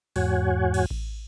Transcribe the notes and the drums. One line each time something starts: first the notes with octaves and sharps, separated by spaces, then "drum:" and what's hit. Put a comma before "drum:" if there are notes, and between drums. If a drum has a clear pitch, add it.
E2 G#2 F#4 C#5 F#5 G#5, drum: open hi-hat
drum: cymbal
drum: kick A1